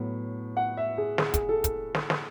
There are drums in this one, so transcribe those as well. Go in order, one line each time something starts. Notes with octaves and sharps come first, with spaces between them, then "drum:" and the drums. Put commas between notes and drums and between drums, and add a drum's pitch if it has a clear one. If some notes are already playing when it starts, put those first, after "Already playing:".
Already playing: A2 F#3 B3
F#5
E5
G#4
G#4, drum: snare
G#4, drum: kick, hi-hat
A4
drum: kick, hi-hat
drum: snare
drum: snare